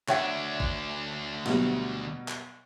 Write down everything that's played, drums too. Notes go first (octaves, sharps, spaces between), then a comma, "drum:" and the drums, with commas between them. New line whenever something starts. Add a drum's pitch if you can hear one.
D2 D4 C#5 E5 F#5, drum: clap
drum: kick A1
B2 F#3 G3, drum: snare
drum: clap